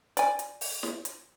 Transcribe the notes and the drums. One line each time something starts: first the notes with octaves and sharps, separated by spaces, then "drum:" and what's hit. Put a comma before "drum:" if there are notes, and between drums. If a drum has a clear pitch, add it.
D5 G#5, drum: hi-hat
drum: hi-hat
drum: open hi-hat
drum: snare
drum: hi-hat